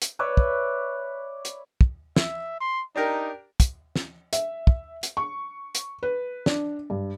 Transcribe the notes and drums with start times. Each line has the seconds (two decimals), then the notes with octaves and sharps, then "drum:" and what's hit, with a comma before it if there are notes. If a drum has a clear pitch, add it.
0.02 drum: hi-hat
0.19 B4 C#5 D5 E5
0.37 drum: kick
1.45 drum: hi-hat
1.81 drum: kick
2.16 E5, drum: snare
2.60 C6
2.96 D4 D#4 G4 A#4
3.60 drum: kick, hi-hat
3.96 drum: snare
4.33 E5, drum: hi-hat
4.67 drum: kick
5.03 drum: hi-hat
5.17 C#6
5.75 drum: hi-hat
6.03 B4
6.46 D4, drum: snare
6.90 G2